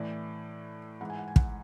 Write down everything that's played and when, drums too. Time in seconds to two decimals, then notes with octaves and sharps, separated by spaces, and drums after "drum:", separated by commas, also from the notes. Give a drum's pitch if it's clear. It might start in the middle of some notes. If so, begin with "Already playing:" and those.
Already playing: A2 E3 D5
1.01 G#2 E3 F#5
1.10 G#5
1.19 F#5
1.28 G#5
1.36 F#5, drum: kick